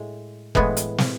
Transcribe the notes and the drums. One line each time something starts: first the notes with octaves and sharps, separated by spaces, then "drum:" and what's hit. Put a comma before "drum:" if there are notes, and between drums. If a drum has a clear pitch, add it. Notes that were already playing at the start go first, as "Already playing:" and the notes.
Already playing: A2 G#3
A2 E3 G#3 B3, drum: kick F1
drum: hi-hat
drum: snare